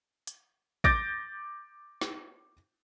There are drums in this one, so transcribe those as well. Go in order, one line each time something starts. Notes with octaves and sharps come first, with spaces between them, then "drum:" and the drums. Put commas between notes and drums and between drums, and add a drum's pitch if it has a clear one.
drum: hi-hat
D6 G6 A6 A#6 D7, drum: kick
drum: snare